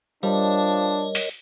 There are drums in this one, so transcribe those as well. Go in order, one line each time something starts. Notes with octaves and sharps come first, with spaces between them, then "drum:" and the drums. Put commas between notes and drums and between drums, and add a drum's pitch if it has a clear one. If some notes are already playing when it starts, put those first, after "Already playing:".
F3 G3 D4 A#4 C#5 D#5
drum: open hi-hat